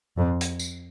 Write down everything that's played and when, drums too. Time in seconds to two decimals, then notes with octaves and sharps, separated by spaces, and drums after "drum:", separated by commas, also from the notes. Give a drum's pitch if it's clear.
0.17 F2
0.41 drum: hi-hat
0.59 drum: tambourine